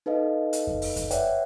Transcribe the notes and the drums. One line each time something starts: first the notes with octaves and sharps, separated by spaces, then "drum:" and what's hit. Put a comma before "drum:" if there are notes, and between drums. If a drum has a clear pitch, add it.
D#4 A4 B4 D#5 F5
drum: hi-hat
drum: kick F2
drum: open hi-hat
drum: kick F2, hi-hat
B4 C#5 D5 E5 F#5 G5, drum: hi-hat